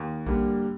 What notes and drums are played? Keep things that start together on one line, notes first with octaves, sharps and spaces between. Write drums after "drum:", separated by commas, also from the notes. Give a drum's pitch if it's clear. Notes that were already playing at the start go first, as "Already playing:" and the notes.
Already playing: D#2
D3 G3 A#3, drum: kick A#1